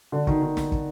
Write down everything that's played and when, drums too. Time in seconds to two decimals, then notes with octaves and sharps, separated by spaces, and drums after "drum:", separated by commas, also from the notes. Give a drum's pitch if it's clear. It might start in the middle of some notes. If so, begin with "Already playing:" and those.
0.12 D3
0.27 D#3, drum: kick
0.42 D#3
0.57 drum: snare
0.72 drum: kick